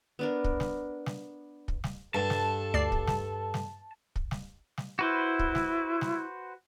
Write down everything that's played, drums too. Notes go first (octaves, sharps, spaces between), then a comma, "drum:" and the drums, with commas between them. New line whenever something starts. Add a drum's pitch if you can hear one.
B3 D4 A#4
drum: kick
drum: snare
drum: snare
drum: kick
drum: snare
G2 A4 A5
drum: snare
D2 D5 C7
drum: kick
drum: snare
drum: snare
drum: kick
drum: snare
drum: snare
E4 F#4 B4 C5
drum: kick
drum: snare
drum: snare